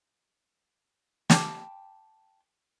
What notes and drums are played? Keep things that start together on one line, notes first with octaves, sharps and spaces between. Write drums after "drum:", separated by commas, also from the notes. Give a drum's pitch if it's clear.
G5 A5 B5 D6, drum: snare